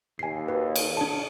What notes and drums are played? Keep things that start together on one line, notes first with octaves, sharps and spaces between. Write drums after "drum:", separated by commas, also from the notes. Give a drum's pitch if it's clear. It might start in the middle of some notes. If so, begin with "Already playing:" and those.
D#2 G#5 C7
F#4 B4
drum: cymbal
D4 A5